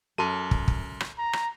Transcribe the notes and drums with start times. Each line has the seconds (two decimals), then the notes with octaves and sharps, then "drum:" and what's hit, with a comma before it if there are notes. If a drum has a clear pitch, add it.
0.18 F#2 A4 C6 D#7
0.51 drum: kick
0.68 drum: kick
1.00 drum: rim click
1.19 A#5
1.33 drum: rim click